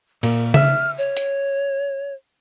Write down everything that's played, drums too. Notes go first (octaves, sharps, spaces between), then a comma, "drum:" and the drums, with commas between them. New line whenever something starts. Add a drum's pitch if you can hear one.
A#2 A#4, drum: cymbal
E5 F6, drum: tom C#3
C#5
drum: hi-hat